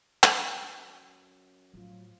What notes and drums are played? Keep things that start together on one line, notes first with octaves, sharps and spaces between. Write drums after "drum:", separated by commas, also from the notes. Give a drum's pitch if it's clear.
F#2, drum: clap
A2 F3 F#3 F4